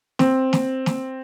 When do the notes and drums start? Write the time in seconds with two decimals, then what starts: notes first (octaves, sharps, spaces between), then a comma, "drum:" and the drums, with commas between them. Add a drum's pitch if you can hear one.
0.19 C4, drum: snare
0.53 drum: snare
0.86 drum: snare